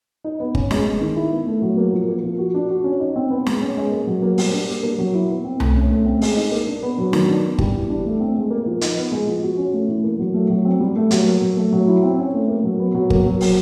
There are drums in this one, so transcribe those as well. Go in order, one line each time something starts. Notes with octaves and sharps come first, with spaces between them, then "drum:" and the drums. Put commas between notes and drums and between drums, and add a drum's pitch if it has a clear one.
D#4
B3
C#4, drum: kick G1
G#3, drum: snare
G#3
D#3
E4
B3
A3
F#3
A#3
F3
A#3
F3
F#4
D4
F#4
C#4
D#4
C4
B3
G#3, drum: snare
C#4
G#3
A#3
F#3
A#3
G3, drum: open hi-hat
D4
A#3
A#3
F#3
E4
B3
C4
A3, drum: tom C2
C#4
A3
C4
G#3, drum: open hi-hat
D#4
A#3
D4
B3
F#3
D#3, drum: snare
D4
B3
G3, drum: kick G1
E3
D4
A3
C4
G#3
A#3
F3
D#4, drum: hi-hat
B3
G#3
F3
F#4
C#4
A3
E3
A#3
F#3
A3
F#3
C4
G3
A3
F#3, drum: hi-hat
A#3
F#3
A3
F#3
E4
C4
C#4
A3
A#3
F#3
B3
F#3
A#3, drum: kick G1
F#3
A#3, drum: open hi-hat